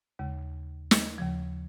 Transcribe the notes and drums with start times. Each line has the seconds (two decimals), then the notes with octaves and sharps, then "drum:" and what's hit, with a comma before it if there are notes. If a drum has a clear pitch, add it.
0.19 D#2 C#3 G#3
0.91 drum: snare
1.18 D#2 C#3 F3